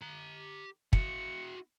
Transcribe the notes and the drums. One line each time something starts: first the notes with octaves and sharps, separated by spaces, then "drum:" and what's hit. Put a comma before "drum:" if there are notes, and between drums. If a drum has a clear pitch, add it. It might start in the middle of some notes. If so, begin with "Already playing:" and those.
G4 A#5
E4 F#4 C#7, drum: kick